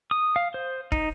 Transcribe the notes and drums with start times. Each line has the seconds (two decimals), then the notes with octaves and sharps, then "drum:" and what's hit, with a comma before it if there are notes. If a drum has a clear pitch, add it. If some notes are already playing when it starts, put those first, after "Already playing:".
0.11 D#6
0.36 F5
0.54 C5
0.92 D#4, drum: kick